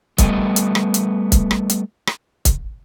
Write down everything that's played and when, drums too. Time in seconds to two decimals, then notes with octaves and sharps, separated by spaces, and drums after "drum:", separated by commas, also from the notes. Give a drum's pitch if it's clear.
0.18 G3 A3 B3 D#5, drum: kick, hi-hat
0.56 drum: hi-hat
0.75 drum: rim click
0.94 drum: hi-hat
1.32 drum: kick, hi-hat
1.51 drum: rim click
1.70 drum: hi-hat
2.07 drum: rim click
2.45 drum: kick, hi-hat